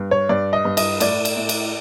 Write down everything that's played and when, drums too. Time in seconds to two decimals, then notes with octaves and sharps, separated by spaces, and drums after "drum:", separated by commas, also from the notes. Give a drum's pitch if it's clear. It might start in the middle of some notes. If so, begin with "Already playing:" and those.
Already playing: G2
0.11 C#5
0.29 G2 D5
0.53 D#5
0.65 G2
0.77 D#5, drum: cymbal
1.00 A2 D5, drum: cymbal
1.25 drum: cymbal
1.37 A2
1.49 drum: cymbal